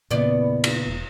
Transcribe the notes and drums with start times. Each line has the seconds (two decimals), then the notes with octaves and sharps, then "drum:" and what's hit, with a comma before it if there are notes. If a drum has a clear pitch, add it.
0.11 E2 A#2 C#3 B3 D5
0.64 drum: cymbal
0.87 E1